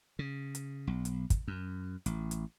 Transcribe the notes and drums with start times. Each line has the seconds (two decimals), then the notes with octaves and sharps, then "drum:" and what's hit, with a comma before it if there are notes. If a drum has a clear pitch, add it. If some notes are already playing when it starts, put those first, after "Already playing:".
0.19 C#3
0.55 drum: hi-hat
0.87 B1
1.05 drum: hi-hat
1.30 drum: kick, hi-hat
1.48 F#2
2.06 A1, drum: hi-hat
2.31 drum: hi-hat